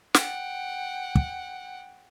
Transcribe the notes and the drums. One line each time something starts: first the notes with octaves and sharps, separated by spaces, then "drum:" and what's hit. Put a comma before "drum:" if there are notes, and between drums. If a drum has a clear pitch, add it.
F#5 G5, drum: snare
drum: kick